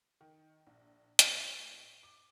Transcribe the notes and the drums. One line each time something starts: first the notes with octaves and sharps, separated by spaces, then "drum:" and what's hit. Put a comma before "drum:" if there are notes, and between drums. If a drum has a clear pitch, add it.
D#3
A#1
A2, drum: hi-hat
D6